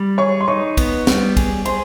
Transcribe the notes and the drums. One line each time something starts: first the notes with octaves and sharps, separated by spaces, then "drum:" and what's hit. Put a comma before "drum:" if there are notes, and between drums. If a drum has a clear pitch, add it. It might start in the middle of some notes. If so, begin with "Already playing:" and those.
Already playing: G3
G#4 C#5 C#6
C6
D#4 C#5 C#6
B3, drum: kick, cymbal
G3, drum: snare
G#4, drum: kick, cymbal
G#4 C5 C6, drum: cymbal